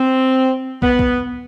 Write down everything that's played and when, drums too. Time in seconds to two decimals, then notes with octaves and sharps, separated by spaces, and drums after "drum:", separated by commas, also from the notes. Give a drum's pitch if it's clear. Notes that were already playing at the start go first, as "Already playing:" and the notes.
Already playing: C4
0.82 B3, drum: kick
0.99 drum: kick